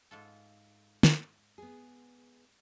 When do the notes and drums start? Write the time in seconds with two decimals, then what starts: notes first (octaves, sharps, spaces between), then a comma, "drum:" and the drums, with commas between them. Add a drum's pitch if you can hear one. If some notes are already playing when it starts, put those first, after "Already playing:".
0.11 G#2 F4 A4
1.03 drum: snare
1.58 B3 G#4